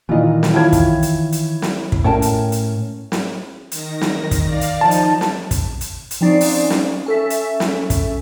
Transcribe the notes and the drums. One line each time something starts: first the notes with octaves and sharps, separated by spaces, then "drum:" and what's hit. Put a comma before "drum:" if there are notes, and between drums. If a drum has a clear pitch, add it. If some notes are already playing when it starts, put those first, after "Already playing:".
A#2 D#3 E3 F4 D#5
drum: snare
E4 F4 C#5 G5 A5 G#6
drum: kick, hi-hat
drum: hi-hat
drum: hi-hat
drum: snare
drum: kick
A2 C#4 A#4 C#5 G5 A5
drum: hi-hat
drum: hi-hat
drum: snare
D#3 A#6, drum: hi-hat
drum: snare
drum: kick, hi-hat
D5 F5
drum: hi-hat
F3 D#4 A5
drum: hi-hat
drum: snare
drum: kick, hi-hat
drum: hi-hat
drum: hi-hat
F3 C4 C#4 D#4 D5 C7
drum: open hi-hat
drum: snare
C#4 A4 E5
drum: hi-hat
drum: snare
drum: kick, hi-hat